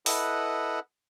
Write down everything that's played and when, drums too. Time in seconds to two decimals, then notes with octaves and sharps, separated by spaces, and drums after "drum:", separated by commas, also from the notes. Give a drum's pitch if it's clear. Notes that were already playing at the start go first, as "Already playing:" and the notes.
0.06 E4 A4 B4 D#5 F#5, drum: open hi-hat